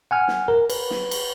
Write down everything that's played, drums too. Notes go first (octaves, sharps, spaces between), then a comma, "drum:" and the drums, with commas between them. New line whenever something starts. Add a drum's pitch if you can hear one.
F#5 G#5 F6
drum: snare
A#4
B4, drum: cymbal
drum: snare
drum: cymbal